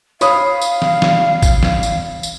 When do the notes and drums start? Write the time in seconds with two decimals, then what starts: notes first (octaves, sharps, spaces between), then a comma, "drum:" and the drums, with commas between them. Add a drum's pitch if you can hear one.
0.21 C#5 F5 B5 D#6, drum: tambourine
0.62 drum: tambourine
0.82 drum: snare
1.02 drum: snare
1.42 drum: kick, tambourine
1.63 drum: snare
1.83 drum: tambourine
2.23 drum: tambourine